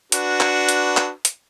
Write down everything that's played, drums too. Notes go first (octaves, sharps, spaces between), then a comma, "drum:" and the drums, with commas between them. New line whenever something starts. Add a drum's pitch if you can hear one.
D4 F#4 B4, drum: hi-hat
drum: clap
drum: hi-hat
drum: clap
drum: hi-hat